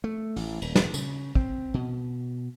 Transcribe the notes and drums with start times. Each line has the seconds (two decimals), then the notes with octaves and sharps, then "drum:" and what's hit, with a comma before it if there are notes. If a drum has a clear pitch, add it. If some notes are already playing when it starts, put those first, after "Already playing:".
0.04 A3
0.36 A1, drum: open hi-hat
0.62 D#1, drum: cymbal
0.75 drum: snare
0.94 C#3, drum: tambourine
1.35 C4, drum: kick
1.74 B2